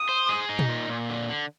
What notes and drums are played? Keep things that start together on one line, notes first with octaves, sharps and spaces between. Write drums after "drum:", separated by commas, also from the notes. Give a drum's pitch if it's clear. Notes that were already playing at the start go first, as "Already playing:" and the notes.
Already playing: D#6
C5
G#4
D#4
drum: tom A#2
A#2
A#2
D3
D3